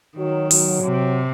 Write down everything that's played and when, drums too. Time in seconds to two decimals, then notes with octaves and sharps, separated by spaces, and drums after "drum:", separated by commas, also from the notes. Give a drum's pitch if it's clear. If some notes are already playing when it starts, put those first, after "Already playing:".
0.17 D#3 F#3
0.51 F#3, drum: open hi-hat
0.84 C3